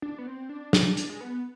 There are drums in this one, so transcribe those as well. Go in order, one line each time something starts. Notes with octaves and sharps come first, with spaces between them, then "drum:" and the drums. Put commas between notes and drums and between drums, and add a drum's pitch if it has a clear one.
D4
B3
C4
D4
D4, drum: snare
D4, drum: hi-hat
G#3
B3